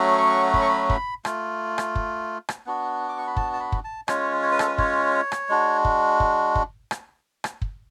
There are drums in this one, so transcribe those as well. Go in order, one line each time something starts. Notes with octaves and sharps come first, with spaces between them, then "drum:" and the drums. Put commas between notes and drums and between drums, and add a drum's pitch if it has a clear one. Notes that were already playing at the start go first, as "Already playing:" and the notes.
Already playing: F#3 A3 C#4 F#4
C#6
B5, drum: kick
C#6
B5
B5, drum: kick
A3 F4, drum: rim click
drum: rim click
drum: kick
drum: rim click
B3 D4 F#4
D6
C#6
B5
A5, drum: kick
A5
B5
drum: kick
A5
G#3 C#4 F4 C#5, drum: rim click
C#5
B4
A4, drum: rim click
B4
C#5, drum: kick
drum: rim click
G#3 D4 F#4
drum: kick
drum: kick
drum: kick
drum: rim click
drum: rim click
drum: kick